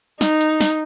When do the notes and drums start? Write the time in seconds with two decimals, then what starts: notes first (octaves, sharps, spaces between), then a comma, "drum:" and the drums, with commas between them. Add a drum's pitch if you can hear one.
0.21 D#4, drum: snare
0.41 drum: hi-hat
0.61 drum: snare